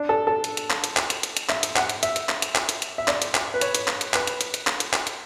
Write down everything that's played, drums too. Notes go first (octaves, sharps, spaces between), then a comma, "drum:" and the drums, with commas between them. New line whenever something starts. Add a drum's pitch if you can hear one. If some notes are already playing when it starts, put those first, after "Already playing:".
Already playing: D4
A4
A4
drum: hi-hat
drum: hi-hat
drum: clap
drum: hi-hat
drum: clap
drum: hi-hat
drum: hi-hat
drum: hi-hat
E5, drum: clap
drum: hi-hat
F#5, drum: clap
drum: hi-hat
E5, drum: hi-hat
drum: hi-hat
drum: clap
drum: hi-hat
drum: clap
drum: hi-hat
drum: hi-hat
E5
D5, drum: clap
drum: hi-hat
drum: clap
B4
C#5, drum: hi-hat
drum: hi-hat
drum: clap
drum: hi-hat
B4, drum: clap
drum: hi-hat
drum: hi-hat
drum: hi-hat
drum: clap
drum: hi-hat
drum: clap
drum: hi-hat